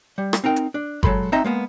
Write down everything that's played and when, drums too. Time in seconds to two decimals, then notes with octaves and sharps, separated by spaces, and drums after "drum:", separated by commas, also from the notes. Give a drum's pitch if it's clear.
0.18 G3
0.33 drum: rim click
0.44 C4 D#4 A#4 G5
0.56 drum: hi-hat
0.74 D4
1.03 F#3 G#3 A4 B5 C6, drum: kick G1
1.32 C4 D#4 D#5 E5 A#5
1.44 G#3 A#3 B3